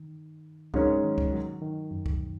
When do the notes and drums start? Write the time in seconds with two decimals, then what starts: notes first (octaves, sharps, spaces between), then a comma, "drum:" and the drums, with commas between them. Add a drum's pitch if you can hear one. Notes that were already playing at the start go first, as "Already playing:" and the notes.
Already playing: D#3
0.74 G#2 F#3 G#3 C#4 A#4 C#5, drum: kick C#2
1.03 D#3
1.18 drum: kick C#2
1.33 F#3
1.62 D#3
1.91 F#2
2.06 drum: kick C#2